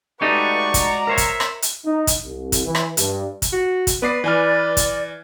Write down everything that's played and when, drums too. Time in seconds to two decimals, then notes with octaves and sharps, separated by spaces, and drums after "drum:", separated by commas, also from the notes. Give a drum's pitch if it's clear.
0.22 G#3 A3 D#4 F#4 G4 B4 D5 C#6
0.74 A#5, drum: kick, hi-hat
1.07 A#4 C5 C#5 E5
1.17 drum: kick, hi-hat
1.40 drum: rim click
1.62 drum: hi-hat
1.85 D#4
2.07 drum: kick, hi-hat
2.23 C2
2.52 drum: kick, hi-hat
2.65 E3
2.75 drum: rim click
2.97 G2, drum: hi-hat
3.42 drum: kick, hi-hat
3.53 F#4
3.87 drum: kick, hi-hat
4.02 B3 B4 D5 C7
4.24 E3 D5 G#5 F6
4.77 drum: kick, hi-hat